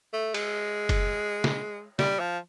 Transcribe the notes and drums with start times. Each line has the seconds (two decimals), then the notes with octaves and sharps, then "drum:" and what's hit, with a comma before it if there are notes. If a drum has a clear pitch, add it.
0.13 A3
0.34 G#3, drum: cymbal
0.89 drum: kick F#1, cymbal
1.44 drum: snare
1.99 G3, drum: snare
2.20 F3